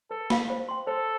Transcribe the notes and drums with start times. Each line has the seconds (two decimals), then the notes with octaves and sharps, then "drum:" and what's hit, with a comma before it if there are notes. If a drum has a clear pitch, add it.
0.11 A4 B4
0.30 F5 B5, drum: snare
0.50 C5
0.69 G5 C6
0.87 A4 C5